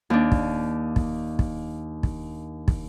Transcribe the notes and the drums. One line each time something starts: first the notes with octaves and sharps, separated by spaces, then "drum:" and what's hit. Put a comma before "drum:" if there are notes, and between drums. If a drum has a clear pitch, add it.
D#2 D4
drum: kick
drum: kick
drum: kick
drum: kick
drum: kick